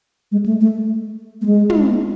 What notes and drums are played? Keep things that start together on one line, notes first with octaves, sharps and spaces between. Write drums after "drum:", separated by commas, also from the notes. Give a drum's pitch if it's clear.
G#3
A3
A3
A3
G#3
drum: tom